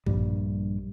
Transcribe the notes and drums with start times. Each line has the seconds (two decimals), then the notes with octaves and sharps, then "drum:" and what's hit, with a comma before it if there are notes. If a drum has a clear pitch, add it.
0.06 A#1 G2 G3, drum: kick